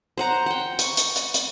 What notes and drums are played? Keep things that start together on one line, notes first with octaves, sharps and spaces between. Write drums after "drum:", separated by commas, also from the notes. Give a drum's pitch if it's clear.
C5 F#5 A#5
F#5 G5
C#6, drum: hi-hat
drum: hi-hat
drum: hi-hat
drum: hi-hat